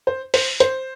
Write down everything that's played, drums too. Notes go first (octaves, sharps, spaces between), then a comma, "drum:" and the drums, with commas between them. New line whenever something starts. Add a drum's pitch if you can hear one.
C5
C5, drum: open hi-hat
C5, drum: hi-hat